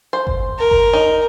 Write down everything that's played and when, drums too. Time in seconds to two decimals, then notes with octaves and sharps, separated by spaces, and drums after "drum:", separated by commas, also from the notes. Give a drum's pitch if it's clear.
0.13 C5
0.27 drum: kick G1
0.59 A#4
0.71 drum: kick G1
0.93 D#4